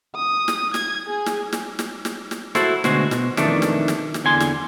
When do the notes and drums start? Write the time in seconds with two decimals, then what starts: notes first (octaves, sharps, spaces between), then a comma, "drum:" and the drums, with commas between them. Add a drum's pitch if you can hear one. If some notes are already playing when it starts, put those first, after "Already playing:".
0.16 D#6
0.48 drum: snare
0.74 G#6, drum: snare
1.08 G#4
1.26 drum: snare
1.53 drum: snare
1.79 drum: snare
2.05 drum: snare
2.31 drum: snare
2.55 E4 F#4 A4 C5, drum: snare
2.84 D2 B2 G#3 F#4 C5, drum: snare
3.11 B2, drum: snare
3.37 F2 D#3 E3 A3 D4, drum: snare
3.62 drum: snare
3.88 drum: snare
4.14 drum: snare
4.25 E2 D3 G#5 C6
4.40 drum: snare